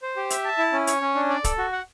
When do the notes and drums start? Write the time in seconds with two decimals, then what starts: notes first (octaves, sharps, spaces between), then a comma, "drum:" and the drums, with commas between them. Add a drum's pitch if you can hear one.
0.02 C5
0.16 G4
0.30 E5, drum: hi-hat
0.45 A5
0.58 E4
0.73 C#4
0.87 C#5, drum: hi-hat
1.02 C#4
1.15 D4
1.30 D5
1.44 A4, drum: kick, hi-hat
1.58 F#4
1.73 F#5